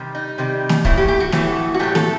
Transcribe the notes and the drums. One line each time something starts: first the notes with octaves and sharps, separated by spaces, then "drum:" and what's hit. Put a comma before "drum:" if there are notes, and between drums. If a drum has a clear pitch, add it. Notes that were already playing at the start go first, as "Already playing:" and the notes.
Already playing: C3 D#3 G3
D#4
C3 D#3 G3
drum: snare
A2 E3 A3 E4, drum: kick
G4
G4
F#4
A2 E3 A3, drum: snare
F#4
A2 F#3 A3 G4
A4, drum: snare